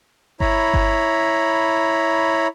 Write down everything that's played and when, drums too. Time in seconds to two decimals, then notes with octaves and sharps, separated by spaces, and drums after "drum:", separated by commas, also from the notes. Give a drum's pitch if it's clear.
0.40 E4 C#5 A#5 B5, drum: kick G1
0.74 drum: kick G1